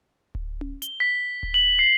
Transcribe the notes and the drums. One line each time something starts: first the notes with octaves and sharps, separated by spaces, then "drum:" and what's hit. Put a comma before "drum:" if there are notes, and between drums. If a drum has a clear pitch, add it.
drum: kick D1
drum: tom C#4
G7, drum: hi-hat
B6
drum: kick D1
F#7
C7